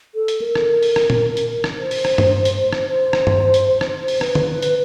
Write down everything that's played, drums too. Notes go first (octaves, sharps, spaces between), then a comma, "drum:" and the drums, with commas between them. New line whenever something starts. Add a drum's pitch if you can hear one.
A4
drum: hi-hat
A#4
drum: rim click
drum: open hi-hat
drum: rim click
drum: tom
drum: hi-hat
drum: rim click
C5
drum: open hi-hat
drum: rim click
drum: tom G2
drum: hi-hat
drum: rim click
C5
drum: rim click
drum: tom G2
drum: hi-hat
drum: rim click
C5
drum: open hi-hat
B4, drum: rim click
drum: tom
B4
drum: hi-hat